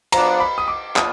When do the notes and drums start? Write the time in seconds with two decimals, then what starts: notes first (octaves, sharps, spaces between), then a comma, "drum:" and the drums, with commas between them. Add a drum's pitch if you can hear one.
0.12 F3 B3 D4 F4 A#5, drum: cymbal
0.40 B5
0.58 D#6
0.68 D6
0.96 F3 B3 D4 F4 D#6, drum: clap